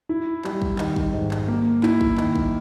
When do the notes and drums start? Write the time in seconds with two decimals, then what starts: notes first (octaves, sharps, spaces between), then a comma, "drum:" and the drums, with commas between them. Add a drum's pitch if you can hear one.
0.09 E4
0.44 G3, drum: clap
0.62 drum: kick
0.78 D#3, drum: clap
0.96 drum: kick
1.13 G#2
1.31 drum: clap
1.48 A#3
1.83 E4, drum: clap
2.01 drum: kick
2.18 D#3, drum: clap
2.36 drum: kick